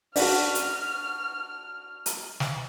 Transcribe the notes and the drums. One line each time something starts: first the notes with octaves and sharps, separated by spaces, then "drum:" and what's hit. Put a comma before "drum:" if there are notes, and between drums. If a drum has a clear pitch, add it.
D4 F#4 F6, drum: open hi-hat
drum: hi-hat
drum: hi-hat
drum: snare